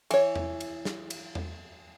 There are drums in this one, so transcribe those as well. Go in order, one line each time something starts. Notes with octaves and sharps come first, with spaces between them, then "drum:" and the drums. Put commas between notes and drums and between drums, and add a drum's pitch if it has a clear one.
E3 C#5, drum: cymbal
drum: tom E2
drum: cymbal
drum: snare
drum: cymbal
drum: tom E2